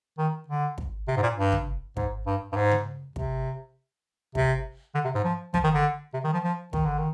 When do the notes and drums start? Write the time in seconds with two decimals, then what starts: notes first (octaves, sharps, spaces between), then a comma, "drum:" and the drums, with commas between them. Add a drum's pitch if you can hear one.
0.18 D#3
0.48 D3
0.78 drum: kick
1.08 C3
1.17 G#2
1.23 A#2
1.37 G2
1.52 drum: tom
1.97 G#2, drum: kick
2.27 G2
2.53 G2
2.57 G#2
2.71 drum: tom C#3
3.16 C3, drum: kick
4.35 C3, drum: kick
4.95 D3
5.05 C3
5.15 G#2
5.24 F3
5.54 F3, drum: kick
5.64 D#3
5.74 D3
6.14 C3
6.24 D#3
6.34 F3
6.44 F3
6.73 D#3, drum: kick
6.86 D3
6.98 D#3